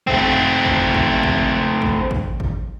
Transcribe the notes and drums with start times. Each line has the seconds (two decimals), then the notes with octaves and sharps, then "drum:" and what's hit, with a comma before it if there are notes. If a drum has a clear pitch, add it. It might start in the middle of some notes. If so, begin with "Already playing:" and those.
0.07 A3 C4, drum: kick G#1
0.65 drum: kick G#1
0.94 drum: kick G#1
1.23 drum: kick G#1
1.82 drum: kick G#1
2.11 drum: kick G#1
2.40 drum: kick G#1